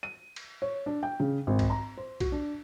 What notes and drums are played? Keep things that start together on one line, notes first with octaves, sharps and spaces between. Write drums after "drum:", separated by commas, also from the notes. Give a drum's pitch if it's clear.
D#7
drum: cymbal
C#5
D4
G5
C#3
G#1
drum: kick B1, cymbal
A#5
C5
F#4, drum: kick B1, cymbal
D4